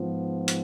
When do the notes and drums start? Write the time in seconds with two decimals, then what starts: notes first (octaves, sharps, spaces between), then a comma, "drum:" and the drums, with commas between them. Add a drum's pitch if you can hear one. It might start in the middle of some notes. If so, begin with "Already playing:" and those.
Already playing: G#2 F3 B3
0.48 drum: hi-hat